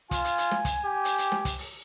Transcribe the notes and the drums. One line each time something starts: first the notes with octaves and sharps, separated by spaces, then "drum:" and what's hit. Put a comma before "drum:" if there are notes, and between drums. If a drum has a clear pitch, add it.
F4 G#5, drum: kick, hi-hat
drum: hi-hat
drum: hi-hat
drum: snare
drum: kick, hi-hat
G4
drum: hi-hat
drum: hi-hat
drum: snare
drum: kick, hi-hat
drum: open hi-hat